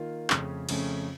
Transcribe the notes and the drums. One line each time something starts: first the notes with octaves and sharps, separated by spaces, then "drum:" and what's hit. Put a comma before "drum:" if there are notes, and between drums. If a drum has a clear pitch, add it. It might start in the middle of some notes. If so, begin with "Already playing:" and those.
Already playing: D#3 A#3 F4
F2 C#3 A3 C#4, drum: clap
F2 C#3 A3 C#4, drum: cymbal